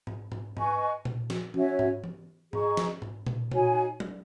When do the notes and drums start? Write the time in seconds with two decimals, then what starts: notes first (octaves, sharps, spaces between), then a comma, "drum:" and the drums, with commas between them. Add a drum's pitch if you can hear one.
0.07 drum: tom G#2
0.32 drum: tom G#2
0.57 B4 D#5 G#5 C#6, drum: tom G#2
1.05 drum: tom A#2
1.30 drum: snare
1.54 C#4 F#4 C#5 E5, drum: tom E3
1.79 drum: tom G#2
2.04 drum: tom E3
2.53 G#4 D#5 A#5 C#6, drum: tom G#2
2.77 drum: snare
3.02 drum: tom G#2
3.27 drum: tom A#2
3.52 D#4 F#4 C#5 G#5, drum: tom A#2
4.00 drum: tom F#3